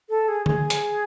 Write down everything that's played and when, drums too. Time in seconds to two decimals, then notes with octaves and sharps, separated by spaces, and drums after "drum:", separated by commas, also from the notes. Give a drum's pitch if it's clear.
0.10 A4
0.28 G#4
0.46 G#4, drum: tom D3
0.70 drum: hi-hat